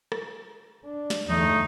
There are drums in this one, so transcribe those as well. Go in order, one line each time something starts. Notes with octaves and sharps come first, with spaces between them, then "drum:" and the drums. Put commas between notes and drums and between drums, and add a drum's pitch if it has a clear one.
drum: rim click
D4
drum: snare
G1 E2 A3 D#4, drum: tom E3